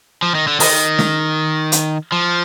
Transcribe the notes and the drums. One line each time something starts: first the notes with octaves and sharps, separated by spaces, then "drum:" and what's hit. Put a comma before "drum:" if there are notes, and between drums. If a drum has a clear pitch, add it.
F3
D#3
D3
D#3, drum: open hi-hat
drum: snare
drum: hi-hat
F3